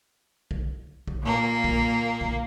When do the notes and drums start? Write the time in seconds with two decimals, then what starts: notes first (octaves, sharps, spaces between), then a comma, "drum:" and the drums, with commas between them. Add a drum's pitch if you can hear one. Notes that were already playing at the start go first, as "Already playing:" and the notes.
0.51 drum: kick B1
1.08 drum: kick B1
1.22 A#2 A#3
1.64 drum: kick B1
2.21 drum: kick B1